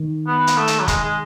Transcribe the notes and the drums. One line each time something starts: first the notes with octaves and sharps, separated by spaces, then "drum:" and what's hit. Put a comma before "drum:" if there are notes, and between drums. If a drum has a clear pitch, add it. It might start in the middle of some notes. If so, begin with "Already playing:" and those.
Already playing: D#3
B3
drum: hi-hat
A3
drum: hi-hat
F#3
G#3, drum: kick, hi-hat
G#3